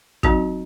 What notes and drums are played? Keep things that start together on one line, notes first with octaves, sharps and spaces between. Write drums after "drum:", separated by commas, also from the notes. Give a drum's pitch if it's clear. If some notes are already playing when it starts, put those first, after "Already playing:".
F#3 C4 D#4 F#4, drum: kick